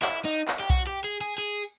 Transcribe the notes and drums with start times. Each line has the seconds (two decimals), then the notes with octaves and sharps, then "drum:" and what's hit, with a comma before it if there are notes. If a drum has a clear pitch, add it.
0.02 E4, drum: clap
0.25 D#4, drum: tambourine
0.48 drum: clap
0.60 G4
0.70 F#4, drum: kick B1, tambourine
0.87 G4
1.04 G#4
1.21 G#4
1.38 G#4
1.61 drum: tambourine